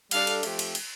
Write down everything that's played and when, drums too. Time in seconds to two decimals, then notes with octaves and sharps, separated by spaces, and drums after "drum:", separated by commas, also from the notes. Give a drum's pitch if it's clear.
0.11 G3 D4 A4 F5, drum: cymbal
0.27 drum: cymbal
0.43 F3 A3 C4 G4, drum: cymbal
0.59 drum: cymbal
0.75 drum: cymbal